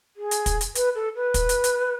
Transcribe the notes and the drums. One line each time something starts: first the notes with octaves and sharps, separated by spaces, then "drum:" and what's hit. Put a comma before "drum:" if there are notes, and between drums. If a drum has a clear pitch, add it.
G#4
drum: hi-hat
drum: kick, hi-hat
drum: hi-hat
B4, drum: hi-hat
A4
B4
drum: kick, hi-hat
drum: hi-hat
drum: hi-hat